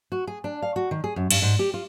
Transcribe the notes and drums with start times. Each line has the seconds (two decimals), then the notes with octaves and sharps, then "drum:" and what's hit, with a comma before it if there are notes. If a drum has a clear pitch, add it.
0.12 F#4
0.27 G#4
0.44 D4
0.62 F5
0.76 F#4
0.91 D#3
1.04 G#4
1.16 F#2
1.31 G2, drum: cymbal
1.42 G#2
1.59 G4
1.74 F4